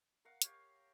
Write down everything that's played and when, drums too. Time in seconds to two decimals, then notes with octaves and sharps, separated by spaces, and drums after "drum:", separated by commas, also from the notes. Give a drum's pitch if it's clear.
0.25 A#4 F5 F#5
0.42 G4 C#5 F5, drum: hi-hat